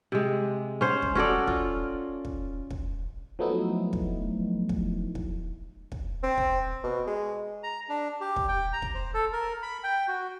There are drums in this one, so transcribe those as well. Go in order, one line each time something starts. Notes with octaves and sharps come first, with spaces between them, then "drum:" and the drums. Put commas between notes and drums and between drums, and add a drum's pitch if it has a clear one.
C3 G#3
C#4 C5
drum: kick
C#4 F#4 A4 D5
F4, drum: kick
drum: kick
drum: kick
F3 F#3 A3 B3 D#4 E4
drum: kick
drum: kick
drum: kick
drum: kick
C4
drum: kick
B2
G#3
A#5
D4
G4
drum: kick
G5
A#5
drum: kick
C5
A4
A#4
B5
G5
F#4